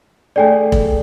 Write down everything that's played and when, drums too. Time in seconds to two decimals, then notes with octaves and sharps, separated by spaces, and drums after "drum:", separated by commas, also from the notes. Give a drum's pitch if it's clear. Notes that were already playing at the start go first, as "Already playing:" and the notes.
0.36 A3 D4 G#4 D5 G5 G#5
0.72 drum: kick